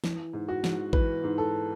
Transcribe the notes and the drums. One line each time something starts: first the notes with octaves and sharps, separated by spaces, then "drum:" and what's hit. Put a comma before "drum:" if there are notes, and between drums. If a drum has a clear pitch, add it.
E3, drum: snare
G#2
F#4
G#2, drum: snare
E3 B4, drum: kick A1
G#2
A4